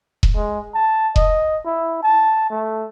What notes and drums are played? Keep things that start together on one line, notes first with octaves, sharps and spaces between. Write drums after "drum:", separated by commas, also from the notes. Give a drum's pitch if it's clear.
drum: kick E1
G#3
A5
D#5, drum: kick E1
E4
A5
A3